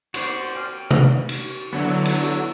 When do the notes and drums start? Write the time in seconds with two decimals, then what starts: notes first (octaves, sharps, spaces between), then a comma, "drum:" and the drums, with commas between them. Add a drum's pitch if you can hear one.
0.14 F#4 C5 D5, drum: cymbal
0.56 G5 F6
0.91 drum: tom C3
1.29 drum: cymbal
1.73 D3 F#3 B3 E4
2.05 drum: cymbal